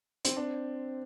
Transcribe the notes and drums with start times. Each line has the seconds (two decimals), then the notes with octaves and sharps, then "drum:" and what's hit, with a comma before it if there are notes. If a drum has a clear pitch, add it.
0.25 C4, drum: hi-hat
0.37 C4 D4